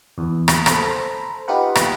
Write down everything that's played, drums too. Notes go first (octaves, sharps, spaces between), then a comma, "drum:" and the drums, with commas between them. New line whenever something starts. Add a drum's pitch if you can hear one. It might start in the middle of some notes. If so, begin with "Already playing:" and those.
E2
drum: rim click
A4 C5 A#5 B5, drum: rim click
D#4 F4 G4 B4 F#5
drum: rim click